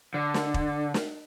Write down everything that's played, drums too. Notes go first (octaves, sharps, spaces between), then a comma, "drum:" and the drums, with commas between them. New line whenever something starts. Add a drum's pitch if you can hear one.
D3
drum: snare
drum: kick
drum: snare